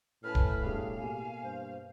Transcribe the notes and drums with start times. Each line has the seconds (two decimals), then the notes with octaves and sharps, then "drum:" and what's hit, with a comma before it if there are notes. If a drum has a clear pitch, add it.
0.24 A2 C#4 B4 G#5 A5 F6
0.35 drum: kick D1
0.63 B2 G3 D4 G#4 F5
0.97 B2 A#3 G4 G#5
1.43 G2 C5